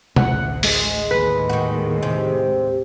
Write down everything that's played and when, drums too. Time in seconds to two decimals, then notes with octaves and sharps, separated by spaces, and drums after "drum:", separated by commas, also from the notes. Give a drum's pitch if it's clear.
0.16 A1 D2 F#5, drum: tom
0.63 G#3, drum: open hi-hat
1.11 D#2 A2 B4
1.49 D#3 F#4
2.03 C3